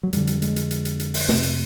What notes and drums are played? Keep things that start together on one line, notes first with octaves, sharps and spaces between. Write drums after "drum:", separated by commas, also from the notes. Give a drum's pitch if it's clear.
F#3
F2 D3 G3, drum: hi-hat
drum: hi-hat
G#3, drum: hi-hat
drum: hi-hat
drum: hi-hat
drum: hi-hat
drum: hi-hat
drum: open hi-hat
F2 C3 A3, drum: snare
drum: hi-hat